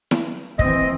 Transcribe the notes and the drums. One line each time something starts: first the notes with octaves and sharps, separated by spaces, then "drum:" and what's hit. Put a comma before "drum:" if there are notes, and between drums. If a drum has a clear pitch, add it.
drum: snare E4
E3 C4 D#5, drum: kick